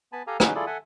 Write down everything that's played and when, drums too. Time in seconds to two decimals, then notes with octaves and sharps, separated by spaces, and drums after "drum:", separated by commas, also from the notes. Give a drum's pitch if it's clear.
0.12 B3 G#5 A5 B5
0.27 G4 A4 F5 G#5 A#5
0.40 C#4 D#4 F#4 G#4 B4, drum: rim click
0.55 E4 F4 G#4 A4 D5
0.67 A4 E5 F#5 G#5